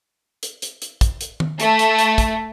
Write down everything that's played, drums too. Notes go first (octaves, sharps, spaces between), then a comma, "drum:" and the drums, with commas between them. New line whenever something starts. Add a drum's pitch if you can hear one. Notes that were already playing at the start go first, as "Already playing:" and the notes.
drum: hi-hat
drum: hi-hat
drum: hi-hat
drum: kick, hi-hat
drum: hi-hat
drum: tom D#3
A3, drum: hi-hat
drum: hi-hat
drum: hi-hat
drum: kick, hi-hat